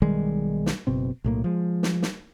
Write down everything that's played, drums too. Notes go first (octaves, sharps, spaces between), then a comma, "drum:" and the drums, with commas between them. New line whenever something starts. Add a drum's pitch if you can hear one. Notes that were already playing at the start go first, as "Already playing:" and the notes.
B1 D#3 G3 G#3
drum: snare
F#1 B2 C4
B1 A2 A#3
F3 G#3
drum: snare
drum: snare